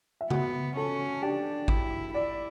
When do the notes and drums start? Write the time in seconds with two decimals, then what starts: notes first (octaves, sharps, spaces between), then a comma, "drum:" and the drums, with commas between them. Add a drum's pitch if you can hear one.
0.21 E5
0.30 B3 F#4 F#5, drum: tom C#3
0.76 C#4 A4 A5
1.22 D4 G4 G5
1.68 E4, drum: kick A1
2.14 E4 D5